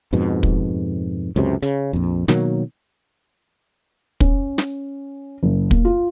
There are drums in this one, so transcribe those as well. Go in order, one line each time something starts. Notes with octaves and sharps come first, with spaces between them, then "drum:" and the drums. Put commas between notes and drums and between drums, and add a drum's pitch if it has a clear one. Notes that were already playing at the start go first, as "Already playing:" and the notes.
F2 G#2 B2
drum: kick
C#2 F#2 C3
C#3, drum: hi-hat
A#1 F2
B2 D#3 F#3 A#3, drum: snare
C#4, drum: kick
drum: snare
F#1
A#3, drum: kick
F4